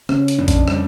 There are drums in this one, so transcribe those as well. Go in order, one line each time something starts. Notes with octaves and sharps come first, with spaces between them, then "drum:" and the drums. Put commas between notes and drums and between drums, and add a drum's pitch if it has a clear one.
C#3 C#4, drum: rim click
drum: hi-hat
F2 D4
drum: kick A#1, hi-hat
G3, drum: rim click